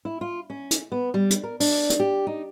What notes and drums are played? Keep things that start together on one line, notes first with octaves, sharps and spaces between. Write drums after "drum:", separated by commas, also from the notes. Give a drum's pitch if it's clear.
E4
F4
C#4
drum: hi-hat
B3
G3
drum: hi-hat
A#4
D4, drum: open hi-hat
drum: hi-hat
G4
D#4